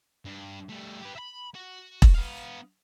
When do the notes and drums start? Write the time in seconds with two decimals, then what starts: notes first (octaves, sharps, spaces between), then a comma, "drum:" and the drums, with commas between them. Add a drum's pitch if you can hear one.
0.25 G2
0.69 G3 A3
1.01 G4 B4
1.16 E5 B5
1.55 F#4
2.02 drum: kick E1
2.14 B3 F5